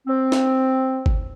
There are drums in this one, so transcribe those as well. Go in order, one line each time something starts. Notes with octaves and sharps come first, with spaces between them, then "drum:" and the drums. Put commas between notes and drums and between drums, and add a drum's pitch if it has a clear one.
C4
drum: snare
drum: kick G1